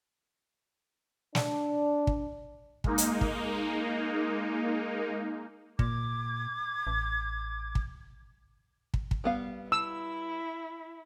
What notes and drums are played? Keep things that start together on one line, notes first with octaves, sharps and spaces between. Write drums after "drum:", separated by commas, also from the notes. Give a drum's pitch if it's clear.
D4, drum: snare
drum: kick
G#3 A#3 D#4, drum: kick
drum: hi-hat
drum: kick
A#2 D6 G#6, drum: kick
A1
drum: kick
drum: kick
drum: kick
G3 B3 F5
E4 E6